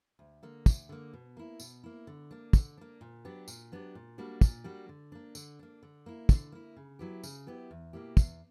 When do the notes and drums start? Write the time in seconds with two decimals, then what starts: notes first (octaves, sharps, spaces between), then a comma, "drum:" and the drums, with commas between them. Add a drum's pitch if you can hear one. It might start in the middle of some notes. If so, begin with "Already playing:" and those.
0.19 D2
0.43 D3 A#3
0.66 D2, drum: kick, tambourine
0.89 D3 A#3
1.13 B2
1.37 A#3 E4
1.60 B2, drum: tambourine
1.84 A#3 E4
2.07 D3
2.31 A#3 D4
2.53 D3, drum: kick, tambourine
2.77 A#3 D4
3.01 A#2
3.25 F#3 B3 D4 G4
3.48 A#2, drum: tambourine
3.72 F#3 B3 D4 G4
3.95 A#2
4.18 G3 A#3 D4 F#4
4.41 A#2, drum: kick, tambourine
4.64 G3 A#3 D4 F#4
4.89 D3
5.12 A#3 D4
5.35 D3, drum: tambourine
5.59 A#3 D4
5.83 D3
6.06 A#3 E4
6.29 D3, drum: kick, tambourine
6.52 A#3 E4
6.77 C#3
6.99 F#3 B3 E4 G4
7.23 C#3, drum: tambourine
7.47 F#3 B3 E4 G4
7.71 E2
7.93 B2 A#3 E4 G4
8.17 E2, drum: kick, tambourine